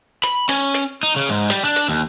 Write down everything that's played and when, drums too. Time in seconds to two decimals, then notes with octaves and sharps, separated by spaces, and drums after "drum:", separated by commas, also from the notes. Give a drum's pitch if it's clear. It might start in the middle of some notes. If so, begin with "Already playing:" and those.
0.24 B5, drum: hi-hat
0.49 C#4, drum: hi-hat
0.74 drum: hi-hat
1.03 D#4
1.16 C#3
1.29 G#2
1.50 G3, drum: hi-hat
1.65 D4
1.76 drum: hi-hat
1.88 D#2